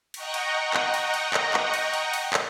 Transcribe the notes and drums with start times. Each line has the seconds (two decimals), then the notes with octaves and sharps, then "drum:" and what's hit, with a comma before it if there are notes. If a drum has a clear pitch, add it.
0.14 D#5 F#5 G5 A#5 C#6, drum: cymbal
0.34 drum: cymbal
0.74 drum: clap
0.94 drum: cymbal
1.14 drum: cymbal
1.34 drum: clap
1.54 drum: clap
1.74 drum: cymbal
1.94 drum: cymbal
2.14 drum: cymbal
2.33 drum: clap